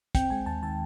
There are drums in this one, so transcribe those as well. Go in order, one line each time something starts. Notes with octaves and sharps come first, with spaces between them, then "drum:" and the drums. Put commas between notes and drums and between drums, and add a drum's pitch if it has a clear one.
C4 G5, drum: kick, hi-hat
G#3 G#5
D#2 A5
D#3 A5